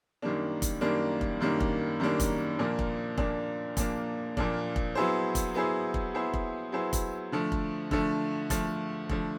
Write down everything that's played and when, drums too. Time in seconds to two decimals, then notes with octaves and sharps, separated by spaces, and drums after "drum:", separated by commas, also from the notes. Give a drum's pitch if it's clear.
0.22 F#2 D#3 G3 A#3 D4
0.62 drum: kick, hi-hat
0.81 F#2 D#3 G3 A#3 D4
1.21 drum: kick
1.40 F#2 D#3 G3 A#3 D4
1.60 drum: kick
2.00 F#2 D#3 G3 A#3 D4
2.20 drum: kick, hi-hat
2.59 A#2 F3 A#3 D4
2.79 drum: kick
3.18 A#2 F3 A#3 D4, drum: kick
3.77 A#2 F3 A#3 D4, drum: kick, hi-hat
4.37 A#2 F3 A#3 D4, drum: kick
4.76 drum: kick
4.95 F#3 B3 E4 G#4 C5
5.35 drum: kick, hi-hat
5.54 F#3 B3 E4 G#4 C5
5.94 drum: kick
6.14 F#3 B3 E4 G#4 C5
6.34 drum: kick
6.72 F#3 B3 E4 G#4 C5
6.93 drum: kick, hi-hat
7.32 D3 F3 A3
7.52 drum: kick
7.91 D3 F3 A3, drum: kick
8.50 D3 F3 A3, drum: kick, hi-hat
9.09 D3 F3 A3, drum: kick